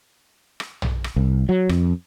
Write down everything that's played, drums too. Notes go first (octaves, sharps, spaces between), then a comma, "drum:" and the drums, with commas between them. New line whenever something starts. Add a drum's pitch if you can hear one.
drum: rim click
drum: tom
drum: rim click
C2
F#3
F2, drum: rim click